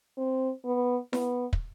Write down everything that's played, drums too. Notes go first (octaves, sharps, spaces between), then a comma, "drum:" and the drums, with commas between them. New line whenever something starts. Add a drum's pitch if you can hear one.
C4
B3
B3, drum: snare E4
drum: kick